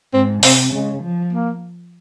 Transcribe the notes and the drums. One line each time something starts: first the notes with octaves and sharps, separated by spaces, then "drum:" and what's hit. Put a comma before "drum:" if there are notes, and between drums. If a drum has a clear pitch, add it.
G#2 C4
C3 C4, drum: open hi-hat
C#3 G#3
F3
A#3